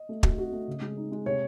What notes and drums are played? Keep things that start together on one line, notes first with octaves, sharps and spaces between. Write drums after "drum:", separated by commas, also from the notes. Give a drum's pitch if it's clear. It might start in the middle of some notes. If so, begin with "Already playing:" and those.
Already playing: D#5
A3
F#4, drum: kick
F#4
A3
C#3
G#3
D#4
G#3
C3 C#5